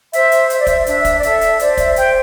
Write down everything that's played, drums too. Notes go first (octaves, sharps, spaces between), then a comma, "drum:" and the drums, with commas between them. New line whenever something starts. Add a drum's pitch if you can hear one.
C5 E5, drum: hi-hat
drum: hi-hat
C5 E5, drum: hi-hat
D5
E5, drum: kick, hi-hat
D4 E5, drum: hi-hat
drum: kick, hi-hat
D5
A4 E5, drum: hi-hat
drum: hi-hat
C5 D5, drum: hi-hat
E5, drum: kick, hi-hat
C5 G5, drum: hi-hat